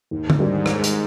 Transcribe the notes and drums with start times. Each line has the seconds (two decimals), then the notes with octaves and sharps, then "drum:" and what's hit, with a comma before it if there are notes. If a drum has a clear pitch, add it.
0.11 D#2 G#2
0.30 drum: tom D3
0.39 D#3 G3 D4 G4
0.66 D#3, drum: rim click
0.84 drum: hi-hat